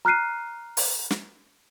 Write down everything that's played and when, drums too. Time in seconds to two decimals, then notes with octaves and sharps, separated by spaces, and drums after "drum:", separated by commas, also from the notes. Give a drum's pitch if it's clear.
0.05 A#5 F6 F#6 C7 D#7
0.77 drum: open hi-hat
1.10 drum: snare